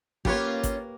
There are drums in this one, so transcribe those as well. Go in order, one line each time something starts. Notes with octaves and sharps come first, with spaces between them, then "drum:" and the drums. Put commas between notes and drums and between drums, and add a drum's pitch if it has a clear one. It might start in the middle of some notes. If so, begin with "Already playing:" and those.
A#3 C#4 F4 G4 B4 C#5, drum: kick G#1
drum: kick G#1, hi-hat